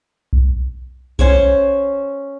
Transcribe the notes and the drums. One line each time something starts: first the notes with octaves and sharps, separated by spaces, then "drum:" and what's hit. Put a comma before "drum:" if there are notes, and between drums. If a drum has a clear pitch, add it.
drum: kick B1
C#4 C5 C#6, drum: kick B1